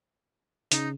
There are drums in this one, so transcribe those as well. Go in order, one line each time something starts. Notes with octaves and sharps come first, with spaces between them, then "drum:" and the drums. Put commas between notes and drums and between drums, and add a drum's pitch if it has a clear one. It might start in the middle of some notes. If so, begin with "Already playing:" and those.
C#3 D#4, drum: hi-hat